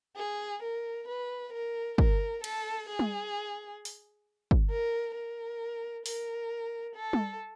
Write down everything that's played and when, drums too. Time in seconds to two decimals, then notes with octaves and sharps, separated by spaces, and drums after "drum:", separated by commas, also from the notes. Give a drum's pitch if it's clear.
0.16 G#4
0.62 A#4
1.08 B4
1.53 A#4
1.98 A#4, drum: kick
2.44 A4, drum: cymbal
2.89 G#4
2.99 drum: tom G3
3.85 drum: open hi-hat
4.51 drum: kick
4.70 A#4
5.15 A#4
6.06 A#4, drum: open hi-hat
6.96 A4
7.13 drum: tom G3